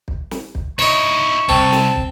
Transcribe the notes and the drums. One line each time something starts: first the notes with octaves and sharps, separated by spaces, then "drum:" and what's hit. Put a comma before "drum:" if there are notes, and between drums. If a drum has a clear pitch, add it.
drum: kick
drum: snare
drum: kick
D#4 E4 C#5 D#5 C#6
C2 C4 A5, drum: kick
drum: snare
drum: kick